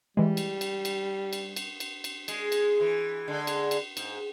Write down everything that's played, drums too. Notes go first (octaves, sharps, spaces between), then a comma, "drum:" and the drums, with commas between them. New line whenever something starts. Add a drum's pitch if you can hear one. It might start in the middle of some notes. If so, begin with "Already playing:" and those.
E3 G3 G#3
drum: cymbal
drum: cymbal
drum: cymbal
drum: cymbal
drum: cymbal
drum: cymbal
drum: cymbal
G#3, drum: cymbal
drum: cymbal
E3
D3 G#3
drum: cymbal
drum: cymbal
G#2, drum: cymbal